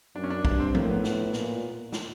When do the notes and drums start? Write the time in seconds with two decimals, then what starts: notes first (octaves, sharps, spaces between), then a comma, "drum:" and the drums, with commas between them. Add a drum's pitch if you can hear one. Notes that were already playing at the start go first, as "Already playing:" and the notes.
0.16 F#2 D4
0.24 C#4
0.30 D4
0.45 G2 D4, drum: kick B1
0.59 C4
0.75 A2 A#3, drum: tom F3
0.89 B3
1.04 B3, drum: snare
1.33 A#2, drum: snare
1.92 drum: snare